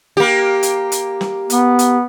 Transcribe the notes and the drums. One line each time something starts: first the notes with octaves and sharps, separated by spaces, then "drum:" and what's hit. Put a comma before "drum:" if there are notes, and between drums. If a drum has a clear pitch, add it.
A#3 G4
drum: hi-hat
drum: hi-hat
drum: snare
B3, drum: hi-hat
drum: hi-hat